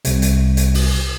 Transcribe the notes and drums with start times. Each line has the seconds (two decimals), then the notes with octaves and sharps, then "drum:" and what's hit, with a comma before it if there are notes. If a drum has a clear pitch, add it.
0.05 C2 C3, drum: hi-hat
0.22 drum: hi-hat
0.57 drum: hi-hat
0.74 drum: open hi-hat